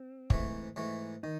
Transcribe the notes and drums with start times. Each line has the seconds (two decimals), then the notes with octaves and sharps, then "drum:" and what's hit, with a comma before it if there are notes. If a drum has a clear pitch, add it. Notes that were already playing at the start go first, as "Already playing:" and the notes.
Already playing: C4
0.30 G#2 E3 A3, drum: kick
0.76 G#2 E3 A3
1.23 D#3 D#4